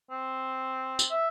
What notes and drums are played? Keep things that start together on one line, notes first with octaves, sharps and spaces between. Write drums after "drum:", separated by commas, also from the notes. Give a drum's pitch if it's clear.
C4
drum: tambourine
E5